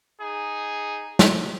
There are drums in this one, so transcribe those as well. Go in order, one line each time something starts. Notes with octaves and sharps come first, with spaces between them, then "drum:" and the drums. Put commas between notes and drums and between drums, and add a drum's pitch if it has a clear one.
D#4 G#4
drum: snare